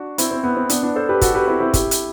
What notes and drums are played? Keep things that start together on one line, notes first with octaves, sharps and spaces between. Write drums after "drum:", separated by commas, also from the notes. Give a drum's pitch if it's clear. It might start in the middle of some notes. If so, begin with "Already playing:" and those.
Already playing: D4 F#4
C4 E4, drum: hi-hat
C4
B3
C4
B3 D4, drum: hi-hat
B3 D4
A4 C5
G4 B4
F#4 A4, drum: kick, hi-hat
G4 B4
C4 E4
C4 E4
E4 G4, drum: kick, hi-hat
drum: hi-hat